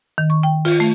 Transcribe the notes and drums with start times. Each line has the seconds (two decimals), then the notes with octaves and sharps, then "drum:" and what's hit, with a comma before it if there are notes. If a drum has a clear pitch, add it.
0.18 D#3
0.30 C#6
0.43 G5
0.65 F4, drum: open hi-hat
0.80 A3